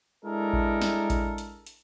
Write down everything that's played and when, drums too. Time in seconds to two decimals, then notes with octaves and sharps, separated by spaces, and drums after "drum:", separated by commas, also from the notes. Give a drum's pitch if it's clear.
0.25 G#3 D4 E4 A4 A#4
0.53 drum: kick A#1
0.82 drum: snare
1.10 drum: kick A#1, hi-hat
1.38 drum: hi-hat
1.67 drum: hi-hat